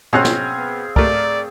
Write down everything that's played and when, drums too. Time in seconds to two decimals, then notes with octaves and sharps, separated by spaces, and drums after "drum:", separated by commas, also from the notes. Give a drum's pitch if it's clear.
0.13 B2 C4 C#4 G#4 F5 F#6
0.25 drum: snare
0.58 B3
0.96 A3 A#4 D5, drum: kick